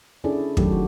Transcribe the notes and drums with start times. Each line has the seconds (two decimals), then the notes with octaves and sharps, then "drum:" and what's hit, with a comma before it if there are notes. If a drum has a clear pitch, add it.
0.24 C#4 D4 E4 G#4 A4 D5
0.57 D#3 E3 F#3 A3 G4 A4, drum: kick
0.72 F#4